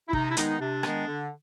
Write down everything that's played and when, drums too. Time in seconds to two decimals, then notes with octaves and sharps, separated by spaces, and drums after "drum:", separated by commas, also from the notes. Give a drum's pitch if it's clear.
0.09 E4
0.13 C3 D#4, drum: kick
0.31 E4
0.37 D#3 G#3 B3 D#4, drum: hi-hat
0.60 C3 D4
0.83 D#3 G#3 B3, drum: rim click
1.06 D3